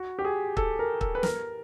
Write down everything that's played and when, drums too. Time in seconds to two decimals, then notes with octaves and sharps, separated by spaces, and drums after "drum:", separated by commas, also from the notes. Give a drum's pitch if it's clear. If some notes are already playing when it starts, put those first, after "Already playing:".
Already playing: F#4
0.19 G4
0.25 G#4
0.57 A4, drum: kick
0.79 A#4
1.01 A4, drum: kick
1.15 B4
1.23 A#4, drum: snare